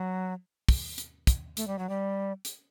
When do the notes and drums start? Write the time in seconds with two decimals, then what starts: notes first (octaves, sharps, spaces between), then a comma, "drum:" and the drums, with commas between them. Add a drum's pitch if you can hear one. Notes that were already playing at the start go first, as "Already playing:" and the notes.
Already playing: F#3
0.69 drum: kick, open hi-hat
0.98 drum: hi-hat
1.27 drum: kick, hi-hat
1.57 A3, drum: hi-hat
1.67 G3
1.79 F#3
1.89 G3
2.45 drum: hi-hat